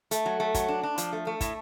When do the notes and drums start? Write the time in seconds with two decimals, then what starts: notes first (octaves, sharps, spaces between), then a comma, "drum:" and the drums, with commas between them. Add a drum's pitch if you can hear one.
0.11 A3, drum: hi-hat
0.26 F#3
0.40 A3
0.54 F#3, drum: kick, hi-hat
0.68 D4
0.83 D4
0.98 F3, drum: hi-hat
1.13 A3
1.27 A3
1.41 A2, drum: kick, hi-hat